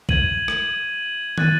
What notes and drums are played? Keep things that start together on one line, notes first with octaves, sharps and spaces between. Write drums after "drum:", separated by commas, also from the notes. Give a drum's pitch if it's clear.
G#6 D#7 F#7, drum: kick
drum: rim click
F#6 A6 D#7, drum: tom